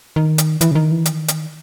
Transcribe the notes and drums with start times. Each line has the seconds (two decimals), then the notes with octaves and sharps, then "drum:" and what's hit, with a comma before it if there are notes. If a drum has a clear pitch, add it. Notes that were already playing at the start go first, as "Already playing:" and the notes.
0.16 D#3
0.38 drum: hi-hat
0.61 E3, drum: hi-hat
0.71 C#3
0.75 D#3
0.91 E3
1.05 D#3, drum: hi-hat
1.28 drum: hi-hat